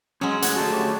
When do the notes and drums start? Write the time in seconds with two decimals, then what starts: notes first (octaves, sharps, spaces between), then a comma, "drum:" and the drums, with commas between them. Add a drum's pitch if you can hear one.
0.21 F#3 G#3 C#4 D#6
0.42 A2 F#5 G#5, drum: hi-hat
0.56 A3 F#4 A5
0.71 G4 C#5